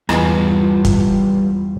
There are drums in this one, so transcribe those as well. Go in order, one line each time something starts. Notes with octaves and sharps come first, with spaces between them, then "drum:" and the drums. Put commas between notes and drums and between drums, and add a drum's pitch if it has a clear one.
E2 G3 F4 B4 D#5 G#5, drum: rim click
drum: kick, hi-hat